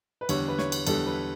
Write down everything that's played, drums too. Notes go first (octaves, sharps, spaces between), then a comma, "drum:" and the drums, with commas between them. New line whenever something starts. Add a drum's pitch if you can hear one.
B4
E2 D3 G3 C#5, drum: cymbal
B4
C#5, drum: snare
drum: cymbal
E2 D3 G3 A4, drum: cymbal
B4